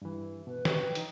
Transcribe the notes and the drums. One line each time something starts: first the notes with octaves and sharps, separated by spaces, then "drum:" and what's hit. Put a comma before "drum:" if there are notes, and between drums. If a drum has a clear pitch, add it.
G2 E3
B2 B4
C#5 D#5, drum: snare
G5
D#4, drum: hi-hat